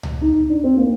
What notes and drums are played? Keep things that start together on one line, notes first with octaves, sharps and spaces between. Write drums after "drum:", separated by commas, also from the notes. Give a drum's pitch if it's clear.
drum: tom C#2
D#4
D4
C4
A#3